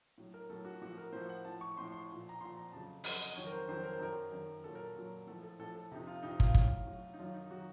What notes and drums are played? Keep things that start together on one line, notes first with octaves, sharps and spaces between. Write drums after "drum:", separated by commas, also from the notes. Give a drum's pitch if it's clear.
A2 F#3
A#4
A2 F#3 A4
F#4
A2 F3 F#4
A#4
A2 F3 C5
F#5
A2 F3 A5
C#6
A2 F3 C6
C6
A#2 F3
A#5
A#2 F3 C6
A#5
F2 C#3 F#3 A5
F2 C#3 F#3 F#5, drum: open hi-hat
D#5
F2 D#3 F#3 C#5
A#4
C5
F2 D#3 F#3 C5
A#4
C5
F#2 D#3 F#3 A#4
F#2 D#3 F#3
A#2 F#3 A4
A#4
A4
A#2 F#3
A2 F3 A4
A4
A2 F3 A4
A4
F2 C3 F3 D#4
F4
F2 C3 F3 D#4
F4, drum: kick
A2 F#3, drum: kick
A2 F#3
D#4
F#2 D#3 F#3 F4
D#4
D#3 F#3 F#4